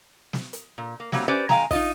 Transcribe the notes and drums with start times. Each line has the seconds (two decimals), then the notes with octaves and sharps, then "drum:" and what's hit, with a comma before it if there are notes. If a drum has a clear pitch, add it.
0.33 drum: snare
0.53 drum: hi-hat
0.78 A#2
1.00 A#3
1.12 F#3 G3 A#3 C4, drum: snare
1.28 C#4 G4 B4 C5 D5
1.49 D#3 G#3 F5 G5 G#5 A#5, drum: snare
1.71 D#4 F4 D#5, drum: kick, open hi-hat